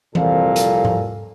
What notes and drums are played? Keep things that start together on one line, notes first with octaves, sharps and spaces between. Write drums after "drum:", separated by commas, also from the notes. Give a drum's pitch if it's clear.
C2 F2 A#2 F3 A4 F5, drum: tom E3
drum: hi-hat
drum: tom G#2